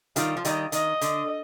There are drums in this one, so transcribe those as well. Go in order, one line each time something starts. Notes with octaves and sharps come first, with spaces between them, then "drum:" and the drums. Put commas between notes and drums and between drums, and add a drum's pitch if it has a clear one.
D#3 G3 F4, drum: hi-hat
F3
D#3 G3 D#5, drum: hi-hat
D#3 D#5, drum: hi-hat
D3, drum: hi-hat